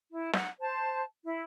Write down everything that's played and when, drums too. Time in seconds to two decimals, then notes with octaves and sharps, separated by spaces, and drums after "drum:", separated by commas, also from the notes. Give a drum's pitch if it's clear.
0.12 E4
0.33 F#5, drum: snare
0.60 C5 A5
1.25 E4